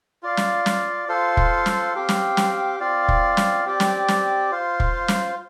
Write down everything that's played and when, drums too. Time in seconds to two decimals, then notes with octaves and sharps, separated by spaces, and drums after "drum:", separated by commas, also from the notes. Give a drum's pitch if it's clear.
0.23 F4 D5 F5
0.37 drum: snare
0.66 drum: snare
1.09 F4 A4 C5 F5
1.37 drum: kick
1.66 drum: snare
1.94 C4 G4 F5
2.09 drum: snare
2.37 drum: snare
2.80 C4 F4 D5 F5
3.08 drum: kick
3.37 drum: snare
3.65 C4 G4 D5
3.80 drum: snare
4.08 drum: snare
4.51 F4 C5 F5
4.80 drum: kick
5.08 drum: snare